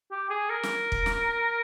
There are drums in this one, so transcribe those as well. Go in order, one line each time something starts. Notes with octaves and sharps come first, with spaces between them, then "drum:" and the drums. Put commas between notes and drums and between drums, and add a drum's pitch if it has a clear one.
G4
G#4
A#4
drum: snare
drum: kick
drum: snare